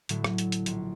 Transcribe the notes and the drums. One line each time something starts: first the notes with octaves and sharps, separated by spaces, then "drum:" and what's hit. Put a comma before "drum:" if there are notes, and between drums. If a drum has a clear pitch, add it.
A2 D3 F#3 A3, drum: hi-hat
drum: rim click
drum: hi-hat
drum: hi-hat
A#1, drum: hi-hat